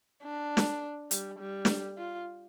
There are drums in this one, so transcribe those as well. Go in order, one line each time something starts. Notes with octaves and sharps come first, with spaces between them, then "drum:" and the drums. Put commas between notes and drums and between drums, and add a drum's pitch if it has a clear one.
D4
drum: snare
G3, drum: hi-hat
G3
drum: snare
F4